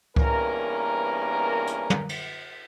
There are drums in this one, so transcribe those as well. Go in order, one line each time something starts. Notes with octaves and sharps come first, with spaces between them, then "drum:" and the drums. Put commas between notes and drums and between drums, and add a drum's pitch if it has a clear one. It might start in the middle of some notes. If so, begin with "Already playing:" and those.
E2 G2 A#3 C#4 A#4, drum: kick C#2
drum: hi-hat
drum: tom
drum: cymbal